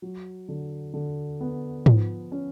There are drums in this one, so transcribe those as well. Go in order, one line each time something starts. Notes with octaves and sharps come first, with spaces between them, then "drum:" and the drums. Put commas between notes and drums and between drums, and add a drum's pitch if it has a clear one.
F#3
D3
D3
B3
F3, drum: tom G#2
C#4